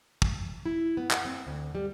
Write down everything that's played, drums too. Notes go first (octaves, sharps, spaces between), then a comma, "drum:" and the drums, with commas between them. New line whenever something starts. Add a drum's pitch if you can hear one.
drum: kick
E4
B3
F#5, drum: clap
C4
D2
G3